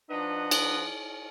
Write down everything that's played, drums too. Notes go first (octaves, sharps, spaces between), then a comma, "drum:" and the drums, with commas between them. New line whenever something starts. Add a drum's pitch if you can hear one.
F3 D4 D#4 B4 D#5 F#5
drum: cymbal